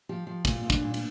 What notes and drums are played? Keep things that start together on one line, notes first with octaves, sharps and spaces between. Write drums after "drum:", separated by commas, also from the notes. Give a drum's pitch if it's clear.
F3 G4
F3
A#2 F4, drum: kick, cymbal
A#2
D4, drum: kick
A#2
D4, drum: cymbal